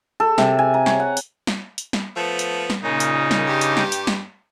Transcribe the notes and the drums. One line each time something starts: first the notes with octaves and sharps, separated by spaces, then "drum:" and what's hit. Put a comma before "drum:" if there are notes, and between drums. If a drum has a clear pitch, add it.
A4
C3, drum: snare
G#5
A#5
C#5, drum: snare
F#5
drum: hi-hat
drum: snare
drum: hi-hat
drum: snare
F3 A3 B3
drum: hi-hat
drum: snare
A#2 C#3 D#4
drum: hi-hat
drum: snare
G2 G4
drum: hi-hat
drum: snare
drum: hi-hat
drum: snare